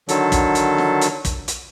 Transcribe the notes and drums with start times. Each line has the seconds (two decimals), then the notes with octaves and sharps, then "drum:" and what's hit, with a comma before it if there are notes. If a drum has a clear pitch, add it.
0.09 D3 D#3 F#3 A4, drum: hi-hat
0.32 drum: kick, hi-hat
0.55 drum: hi-hat
0.78 drum: snare
1.01 drum: hi-hat
1.25 drum: kick, hi-hat
1.48 drum: hi-hat